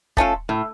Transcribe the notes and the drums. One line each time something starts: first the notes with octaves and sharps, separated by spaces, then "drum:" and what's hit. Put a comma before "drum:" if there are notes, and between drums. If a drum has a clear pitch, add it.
A3 C#4 F4 A4, drum: kick
A2